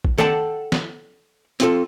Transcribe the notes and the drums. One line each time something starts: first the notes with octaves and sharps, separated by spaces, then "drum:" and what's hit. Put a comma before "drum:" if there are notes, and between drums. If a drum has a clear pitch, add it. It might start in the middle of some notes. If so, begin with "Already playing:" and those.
drum: kick
A4 D5 F#5 G5 A5, drum: tom D#3
drum: snare
C4 F4 A4, drum: hi-hat